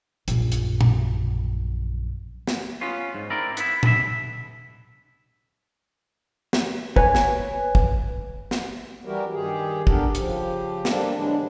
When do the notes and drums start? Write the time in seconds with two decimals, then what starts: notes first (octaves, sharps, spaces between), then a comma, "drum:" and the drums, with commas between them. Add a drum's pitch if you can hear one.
0.28 A#1 F#2, drum: hi-hat
0.52 drum: hi-hat
0.81 drum: tom
2.47 drum: snare
2.81 B3 C#4 F4
3.15 G#2
3.30 C4 E4 A#4 D5
3.57 B3 E4, drum: hi-hat
3.83 B1 B2 D#5 E5, drum: tom
6.53 drum: snare
6.96 B4 C#5 G#5, drum: kick
7.15 drum: snare
7.75 drum: kick
8.51 drum: snare
9.05 E3 G3 E4 F#4 G4 A#4
9.33 G2 D#3 G4 G#4
9.87 B3 D4 G4 A4 A#4, drum: kick
10.15 C#3 F3 G4, drum: hi-hat
10.85 G3 A#3 C4 D4 A4, drum: snare
11.15 A2 D3 E3 G3 G#3 D4